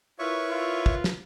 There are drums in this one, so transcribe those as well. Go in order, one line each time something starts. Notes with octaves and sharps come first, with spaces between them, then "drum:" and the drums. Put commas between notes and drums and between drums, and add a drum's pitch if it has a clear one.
E4 F4 A#4 B4 C#5 E5 C#6
F4
drum: kick
drum: snare